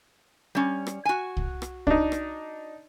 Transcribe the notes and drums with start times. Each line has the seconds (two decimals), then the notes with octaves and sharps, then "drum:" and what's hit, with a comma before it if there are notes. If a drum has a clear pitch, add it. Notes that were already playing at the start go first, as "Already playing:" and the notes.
0.55 G3 C#4
0.87 drum: rim click
1.05 F#4 G#5
1.37 drum: kick C2
1.62 drum: rim click
1.87 D4 D#4, drum: kick C2
2.12 drum: rim click